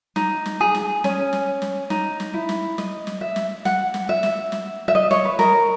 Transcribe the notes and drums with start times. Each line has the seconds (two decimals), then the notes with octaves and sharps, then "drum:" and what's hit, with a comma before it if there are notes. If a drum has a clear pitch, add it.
0.16 D#4, drum: snare
0.46 drum: snare
0.61 G#4
0.75 drum: snare
1.04 C#4, drum: snare
1.33 drum: snare
1.62 drum: snare
1.90 D#4, drum: snare
2.20 drum: snare
2.34 E4
2.49 drum: snare
2.78 D#5, drum: snare
3.07 drum: snare
3.21 E5
3.36 drum: snare
3.65 F#5, drum: snare
3.94 drum: snare
4.09 E5
4.23 drum: snare
4.52 drum: snare
4.88 E5
4.95 D#5
5.11 C#5, drum: snare
5.25 B4
5.39 A#4, drum: snare